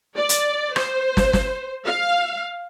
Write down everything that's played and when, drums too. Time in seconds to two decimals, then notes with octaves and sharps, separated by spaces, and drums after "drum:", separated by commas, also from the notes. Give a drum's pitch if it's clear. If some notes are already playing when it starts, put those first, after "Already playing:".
0.16 D5
0.29 drum: hi-hat
0.76 C5, drum: rim click
1.17 drum: snare
1.33 drum: snare
1.85 F5